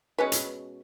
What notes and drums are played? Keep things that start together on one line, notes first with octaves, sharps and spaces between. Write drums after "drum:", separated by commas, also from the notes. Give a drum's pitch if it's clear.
B2 G#3 C#4 B4
drum: hi-hat